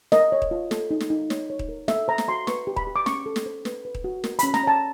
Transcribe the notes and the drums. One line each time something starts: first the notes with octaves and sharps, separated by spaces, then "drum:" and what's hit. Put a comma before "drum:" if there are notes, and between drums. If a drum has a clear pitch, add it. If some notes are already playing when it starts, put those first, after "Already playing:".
A#4 D#5, drum: snare
C#5
drum: kick D#1
F4
A4, drum: snare
D#4
drum: snare
D#4
C#5, drum: snare
C#5
drum: kick D#1
A#4
A4 E5, drum: snare
C5 A#5
drum: snare
F#4 C6
B4 C#6, drum: snare
G4
B5, drum: kick D#1
G4
D6
C#4 C#6, drum: snare
A4
drum: snare
C5
B4, drum: snare
B4
drum: kick D#1
F#4
A#4, drum: snare
B5, drum: hi-hat
C#4
A#5, drum: snare
C#5 A5